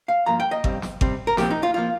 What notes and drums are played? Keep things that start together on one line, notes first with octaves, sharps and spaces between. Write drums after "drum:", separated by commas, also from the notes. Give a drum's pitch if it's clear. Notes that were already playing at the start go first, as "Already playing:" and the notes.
F5
G2 F3 A#3 A#5
G5
D#5
G2 G3 C4, drum: kick G#1
drum: snare
C3 G3 C4, drum: kick G#1
A#4
A#2 F3 C4 G4, drum: snare
D#4
F4
F3 A#3 F4